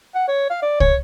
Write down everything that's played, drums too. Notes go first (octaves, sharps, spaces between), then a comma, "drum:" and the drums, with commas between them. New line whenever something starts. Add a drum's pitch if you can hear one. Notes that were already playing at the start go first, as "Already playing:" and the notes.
F#5
C#5
F5
D5
C#5, drum: kick C2